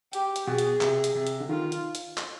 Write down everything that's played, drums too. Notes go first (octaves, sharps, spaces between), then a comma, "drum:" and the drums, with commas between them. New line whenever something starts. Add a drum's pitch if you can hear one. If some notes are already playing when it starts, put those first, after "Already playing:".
G4, drum: hi-hat
drum: hi-hat
B2 G#4
drum: hi-hat
C3, drum: clap
drum: hi-hat
C3
drum: hi-hat
D3
D#3 F4
drum: hi-hat
drum: hi-hat
drum: clap